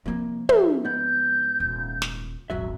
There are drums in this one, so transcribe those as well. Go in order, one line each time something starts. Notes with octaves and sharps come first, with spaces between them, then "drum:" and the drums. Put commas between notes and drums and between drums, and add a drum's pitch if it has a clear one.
C2 F3 A#3 C4
E5, drum: tom
G#2 B3 G6
D#1
drum: snare
D#1 G#1 F#3 F#4 E5